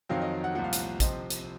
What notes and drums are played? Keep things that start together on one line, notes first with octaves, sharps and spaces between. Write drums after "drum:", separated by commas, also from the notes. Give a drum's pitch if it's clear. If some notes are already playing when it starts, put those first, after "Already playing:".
F2 D#3 F#3 C4 F5
D#5
F#5
C2 A#2 F3 F#5
F5
F#5, drum: hi-hat
C3 F3 C4 D#5, drum: kick, hi-hat
drum: hi-hat